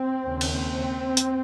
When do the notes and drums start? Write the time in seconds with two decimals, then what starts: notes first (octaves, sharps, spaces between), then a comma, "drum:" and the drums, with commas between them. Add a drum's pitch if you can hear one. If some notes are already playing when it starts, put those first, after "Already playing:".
Already playing: C4
0.23 D#2 C#3
0.41 drum: cymbal
0.56 C4
1.17 drum: hi-hat